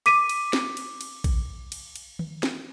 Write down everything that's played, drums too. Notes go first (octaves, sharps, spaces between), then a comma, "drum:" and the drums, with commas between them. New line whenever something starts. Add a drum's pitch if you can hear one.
D6 B6 D#7, drum: cymbal
drum: cymbal
drum: snare
drum: cymbal
drum: cymbal
drum: kick A#1, cymbal
drum: cymbal
drum: cymbal
drum: tom D#3
drum: snare